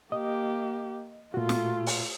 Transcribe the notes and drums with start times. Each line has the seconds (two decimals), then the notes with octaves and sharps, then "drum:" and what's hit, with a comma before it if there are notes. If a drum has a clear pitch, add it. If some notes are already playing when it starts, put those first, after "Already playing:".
0.12 A#3 G4 D#5
1.34 A#2 A3 F4 F#4
1.49 drum: snare
1.87 drum: open hi-hat